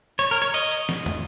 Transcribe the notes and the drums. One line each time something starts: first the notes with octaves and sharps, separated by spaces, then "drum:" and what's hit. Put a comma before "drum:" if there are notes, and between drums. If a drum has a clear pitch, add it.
C#5, drum: hi-hat
A#4
C#5
D#5, drum: hi-hat
drum: hi-hat
drum: snare
drum: tom